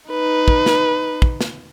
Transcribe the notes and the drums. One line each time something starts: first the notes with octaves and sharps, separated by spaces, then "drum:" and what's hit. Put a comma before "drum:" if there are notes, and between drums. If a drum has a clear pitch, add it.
D#4 B4
drum: kick
drum: snare
drum: kick
drum: snare